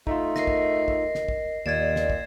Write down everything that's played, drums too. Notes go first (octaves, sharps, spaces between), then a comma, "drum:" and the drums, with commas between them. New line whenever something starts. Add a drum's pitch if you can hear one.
A3 D#4 F4, drum: kick
A#4 D#5 A#6 C7, drum: snare
drum: kick
drum: kick
drum: snare
drum: kick
D#2 A#2 D5 D#5 G#6 A6 E7
drum: snare
drum: kick